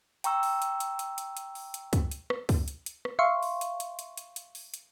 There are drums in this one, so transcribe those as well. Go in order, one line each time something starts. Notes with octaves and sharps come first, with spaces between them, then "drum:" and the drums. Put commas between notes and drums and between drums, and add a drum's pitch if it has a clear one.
G5 A#5 C#6 E6, drum: hi-hat
drum: open hi-hat
drum: hi-hat
drum: hi-hat
drum: hi-hat
drum: hi-hat
drum: hi-hat
drum: open hi-hat
drum: hi-hat
drum: kick, hi-hat
drum: hi-hat
drum: rim click
drum: kick, open hi-hat
drum: hi-hat
drum: hi-hat
drum: rim click
E5 F5 C6 C#6
drum: open hi-hat
drum: hi-hat
drum: hi-hat
drum: hi-hat
drum: hi-hat
drum: hi-hat
drum: open hi-hat
drum: hi-hat